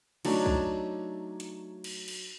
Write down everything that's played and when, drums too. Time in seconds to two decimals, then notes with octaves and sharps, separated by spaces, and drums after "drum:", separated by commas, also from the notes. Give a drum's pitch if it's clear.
0.25 F#3 A3 D4 D#4, drum: cymbal
0.46 drum: kick B1
1.40 drum: hi-hat
1.84 drum: cymbal
2.08 drum: cymbal